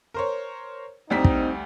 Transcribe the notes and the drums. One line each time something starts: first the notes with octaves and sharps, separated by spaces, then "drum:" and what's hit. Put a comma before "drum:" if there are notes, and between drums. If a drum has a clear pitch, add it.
A#4 C5 C#5
D2 G3 C4 D#4 B6
drum: kick